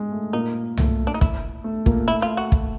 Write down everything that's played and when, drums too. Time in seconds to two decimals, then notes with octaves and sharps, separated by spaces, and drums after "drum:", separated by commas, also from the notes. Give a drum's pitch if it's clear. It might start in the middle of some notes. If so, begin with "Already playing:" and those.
Already playing: G#3
0.12 A3
0.33 A#2 A#3 D#4
0.77 A3, drum: tom C2
1.07 D4
1.14 D#4
1.21 E4, drum: kick
1.64 A3
1.86 A#2 A#3, drum: kick
2.08 A3 E4
2.22 F4
2.37 F#4
2.52 drum: kick